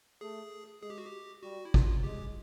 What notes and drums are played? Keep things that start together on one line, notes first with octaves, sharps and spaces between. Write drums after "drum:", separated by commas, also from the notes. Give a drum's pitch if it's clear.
A3 G#4
G#3 G#4
G4
F#4
G4
G3 F#4
E4
F4, drum: kick
G#3 G4